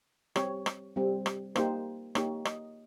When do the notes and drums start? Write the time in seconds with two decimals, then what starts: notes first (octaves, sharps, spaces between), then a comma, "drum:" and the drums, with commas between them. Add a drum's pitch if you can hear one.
0.36 G3 C4 G4 C#5, drum: rim click
0.66 drum: rim click
0.96 G3 C4 G4
1.26 drum: rim click
1.56 A#3 D#4 G4 C5, drum: rim click
2.15 A#3 D#4 G4 C#5, drum: rim click
2.45 D#5, drum: rim click